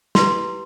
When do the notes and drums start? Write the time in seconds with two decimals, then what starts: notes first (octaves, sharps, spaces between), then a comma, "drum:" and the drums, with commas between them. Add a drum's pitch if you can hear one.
0.15 E4 G4 B4 C6, drum: snare